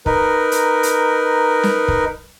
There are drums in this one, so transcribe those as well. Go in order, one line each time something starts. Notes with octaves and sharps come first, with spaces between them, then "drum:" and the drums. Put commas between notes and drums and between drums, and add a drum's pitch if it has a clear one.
D#4 A#4 B4, drum: kick
drum: hi-hat
drum: hi-hat
drum: snare
drum: kick